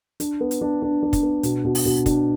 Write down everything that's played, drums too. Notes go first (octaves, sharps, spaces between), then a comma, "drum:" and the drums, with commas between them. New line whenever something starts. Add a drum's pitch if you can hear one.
D4, drum: hi-hat
B3
drum: hi-hat
D4
D4
D4
drum: kick, hi-hat
B3
B2, drum: hi-hat
B2
drum: open hi-hat
B2
D4, drum: kick, hi-hat